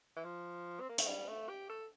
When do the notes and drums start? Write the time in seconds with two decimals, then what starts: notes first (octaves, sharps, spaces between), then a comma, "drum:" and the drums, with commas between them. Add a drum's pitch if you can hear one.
0.16 E3
0.24 F3
0.80 C4
0.89 A#3
0.98 A3, drum: hi-hat
1.07 G3
1.28 A3
1.49 G4
1.69 A4